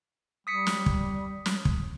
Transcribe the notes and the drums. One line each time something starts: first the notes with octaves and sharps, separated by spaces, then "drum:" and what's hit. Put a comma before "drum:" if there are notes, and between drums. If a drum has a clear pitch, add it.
G3 D#6 B6 C#7
drum: snare
drum: kick
drum: snare
drum: kick